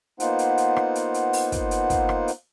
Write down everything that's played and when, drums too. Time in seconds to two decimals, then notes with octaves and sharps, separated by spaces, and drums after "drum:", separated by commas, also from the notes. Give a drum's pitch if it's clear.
0.20 A#3 B3 D#4 F4 C5 F#5, drum: hi-hat
0.39 drum: hi-hat
0.58 drum: hi-hat
0.76 drum: rim click
0.95 drum: hi-hat
1.14 drum: hi-hat
1.33 drum: open hi-hat
1.52 drum: kick, hi-hat
1.71 drum: hi-hat
1.90 drum: kick, hi-hat
2.09 drum: rim click
2.28 drum: hi-hat